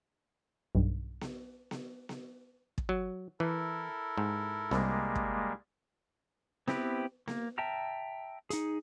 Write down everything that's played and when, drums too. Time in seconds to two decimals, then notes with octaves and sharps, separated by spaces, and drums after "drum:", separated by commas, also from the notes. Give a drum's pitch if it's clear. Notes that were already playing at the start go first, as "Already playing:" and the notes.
0.75 B1 G2
1.21 drum: snare B3
1.71 drum: snare B3
2.09 drum: snare B3
2.78 drum: kick
2.89 F#3
3.40 E3 E4 A4 A#4
4.18 G#2
4.71 C2 G3 G#3 A#3, drum: snare B3
5.15 drum: kick
6.68 B3 C4 E4 G4 B4, drum: snare B3
7.28 A#3, drum: snare B3
7.58 E5 G5 A5 A#5 F6
8.50 D#4 G#4, drum: hi-hat